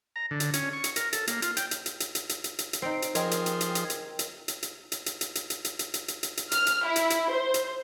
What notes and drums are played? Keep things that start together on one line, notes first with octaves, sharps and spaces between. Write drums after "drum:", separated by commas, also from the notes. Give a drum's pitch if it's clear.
A#5
D3
drum: hi-hat
C#4, drum: hi-hat
C#6
drum: hi-hat
A#4, drum: hi-hat
A4, drum: hi-hat
A#3, drum: hi-hat
F4, drum: hi-hat
G5, drum: hi-hat
drum: hi-hat
drum: hi-hat
drum: hi-hat
drum: hi-hat
drum: hi-hat
drum: hi-hat
drum: hi-hat
drum: hi-hat
C4 D#4 C7 D7
drum: hi-hat
F3 G#4 A#4 D#5 G5 C6, drum: hi-hat
drum: hi-hat
drum: hi-hat
drum: hi-hat
drum: hi-hat
drum: hi-hat
drum: hi-hat
drum: hi-hat
drum: hi-hat
drum: hi-hat
drum: hi-hat
drum: hi-hat
drum: hi-hat
drum: hi-hat
drum: hi-hat
drum: hi-hat
drum: hi-hat
drum: hi-hat
drum: hi-hat
drum: hi-hat
F6, drum: hi-hat
drum: hi-hat
E4
drum: hi-hat
drum: hi-hat
C5
drum: hi-hat